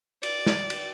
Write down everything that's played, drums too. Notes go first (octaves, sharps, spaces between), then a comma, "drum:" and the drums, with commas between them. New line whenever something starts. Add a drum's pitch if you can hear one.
D5, drum: cymbal
drum: snare
drum: cymbal